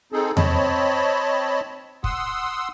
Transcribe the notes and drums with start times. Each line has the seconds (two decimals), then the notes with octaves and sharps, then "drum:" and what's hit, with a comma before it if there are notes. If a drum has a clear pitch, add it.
0.13 C4 D#4 G#4 A4
0.37 C4 C#5 D#5 A5 B5, drum: tom E2
2.04 F#5 C6 D#6 E6, drum: kick